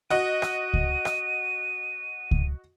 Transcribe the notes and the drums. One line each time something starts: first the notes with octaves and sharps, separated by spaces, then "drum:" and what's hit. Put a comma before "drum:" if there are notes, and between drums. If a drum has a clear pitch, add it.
F#4 D#5 D#7
drum: rim click
drum: kick C#2
drum: rim click
drum: kick C#2